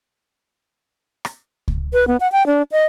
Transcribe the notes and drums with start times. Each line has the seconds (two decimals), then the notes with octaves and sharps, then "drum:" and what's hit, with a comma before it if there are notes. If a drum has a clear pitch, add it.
1.25 drum: rim click
1.68 drum: kick C#2
1.93 B4
2.08 B3
2.20 F#5
2.32 G5
2.47 D4
2.72 D#5